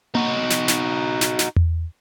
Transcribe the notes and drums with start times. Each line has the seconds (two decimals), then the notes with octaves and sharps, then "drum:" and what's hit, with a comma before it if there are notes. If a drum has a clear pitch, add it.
0.15 D#4 F#4, drum: tom A#3
0.50 drum: snare
0.68 drum: snare
1.21 drum: snare
1.39 drum: snare
1.56 drum: tom E2